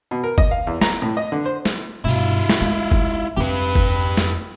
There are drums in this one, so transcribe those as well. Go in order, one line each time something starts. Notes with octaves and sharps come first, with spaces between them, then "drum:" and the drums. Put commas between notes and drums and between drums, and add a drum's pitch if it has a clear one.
B2
A#4
D#5, drum: kick
F5
E2
A#5, drum: snare
A2
D#5
D3
C5
drum: snare
G2 B2 E4 F4
drum: snare
G#3
drum: kick
F2 G4 B4
drum: kick
drum: snare